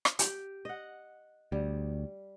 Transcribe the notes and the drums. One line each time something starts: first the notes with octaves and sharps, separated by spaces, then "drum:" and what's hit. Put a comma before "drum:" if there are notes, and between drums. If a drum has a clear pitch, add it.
drum: rim click
G4, drum: hi-hat
D#5 F#5
D2 G3